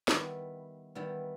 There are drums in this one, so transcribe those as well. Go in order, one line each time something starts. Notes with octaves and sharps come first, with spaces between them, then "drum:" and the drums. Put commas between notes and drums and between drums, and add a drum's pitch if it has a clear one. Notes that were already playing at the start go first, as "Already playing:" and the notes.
D#3 G3 B3 E4, drum: snare
D#3 G3 B3 E4